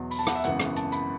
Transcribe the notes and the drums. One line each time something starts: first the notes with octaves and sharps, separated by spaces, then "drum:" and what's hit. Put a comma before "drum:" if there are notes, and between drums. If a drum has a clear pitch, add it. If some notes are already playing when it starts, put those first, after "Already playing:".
Already playing: E2 B2 F#3
B5, drum: open hi-hat
A5
F#5, drum: rim click
E5
G#1 F#2 C#3 E3 B3 F#5, drum: hi-hat
drum: rim click
A5, drum: hi-hat
B5, drum: hi-hat